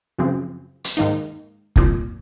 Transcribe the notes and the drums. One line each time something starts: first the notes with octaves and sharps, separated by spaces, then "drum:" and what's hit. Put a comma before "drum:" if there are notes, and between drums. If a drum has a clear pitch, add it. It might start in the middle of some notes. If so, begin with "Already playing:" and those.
F#2 C#3 F3 C4
drum: hi-hat
G#2 D#3 A#3 D#4
C2 A#2 F3, drum: kick